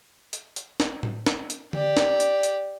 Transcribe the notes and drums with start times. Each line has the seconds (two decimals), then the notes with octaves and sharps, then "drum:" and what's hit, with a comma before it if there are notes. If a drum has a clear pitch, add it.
0.33 drum: hi-hat
0.56 drum: hi-hat
0.80 drum: snare
1.03 drum: tom A2
1.26 drum: snare
1.50 drum: hi-hat
1.73 G4 D5, drum: tom D3
1.97 drum: snare
2.20 drum: hi-hat
2.43 drum: hi-hat